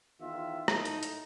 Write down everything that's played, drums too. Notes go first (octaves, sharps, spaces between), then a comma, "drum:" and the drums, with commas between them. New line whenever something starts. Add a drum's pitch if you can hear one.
E2 D#3 F4 E5
A2 A3 D#4, drum: rim click
drum: hi-hat
drum: hi-hat